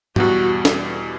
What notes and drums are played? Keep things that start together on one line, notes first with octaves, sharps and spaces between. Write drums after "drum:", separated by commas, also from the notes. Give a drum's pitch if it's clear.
E2 B2 G3 F#4, drum: tom G#2
drum: snare